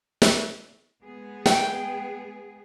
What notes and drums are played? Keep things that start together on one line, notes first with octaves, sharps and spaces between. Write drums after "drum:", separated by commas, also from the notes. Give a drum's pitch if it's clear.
drum: snare
G#3 B3 G#4
G5, drum: snare